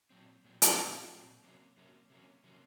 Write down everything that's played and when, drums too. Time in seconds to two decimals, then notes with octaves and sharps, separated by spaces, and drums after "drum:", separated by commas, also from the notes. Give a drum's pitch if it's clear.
0.10 A#2 F#3 C4
0.44 A#2 F#3 C4
0.62 drum: hi-hat
0.78 A#2 F#3 C4
1.10 A#2 F#3 C4
1.44 C3 F#3 A#3 C#4
1.77 C3 F#3 A#3 C#4
2.10 C3 F#3 A#3 C#4
2.44 C3 F#3 A#3 C#4